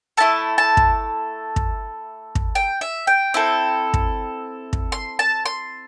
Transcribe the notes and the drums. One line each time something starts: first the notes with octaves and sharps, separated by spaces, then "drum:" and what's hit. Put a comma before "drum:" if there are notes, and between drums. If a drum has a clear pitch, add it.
A3 E4 A4 A5
A5
drum: kick
drum: kick
drum: kick
G5
E5
G5
C4 E4 A4
drum: kick
drum: kick
C6
A5
C6